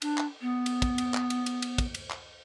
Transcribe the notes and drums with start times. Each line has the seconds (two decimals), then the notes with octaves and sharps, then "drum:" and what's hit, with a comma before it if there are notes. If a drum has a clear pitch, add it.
0.02 D4, drum: cymbal
0.18 drum: clap
0.41 B3
0.66 drum: cymbal
0.82 drum: kick, cymbal
0.98 drum: cymbal
1.14 drum: clap
1.30 drum: cymbal
1.46 drum: cymbal
1.62 drum: cymbal
1.78 drum: kick, cymbal
1.94 drum: cymbal
2.11 drum: clap